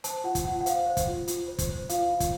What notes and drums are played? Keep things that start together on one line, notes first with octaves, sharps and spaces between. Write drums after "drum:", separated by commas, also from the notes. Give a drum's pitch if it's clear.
C5 A5, drum: hi-hat
F4 F#5
drum: kick, hi-hat
F4 F#5
F#5
C5 F5, drum: hi-hat
C5
drum: kick, hi-hat
F4
F4, drum: hi-hat
C5
drum: kick, hi-hat
C5
F4 F5, drum: hi-hat
F4
drum: kick, hi-hat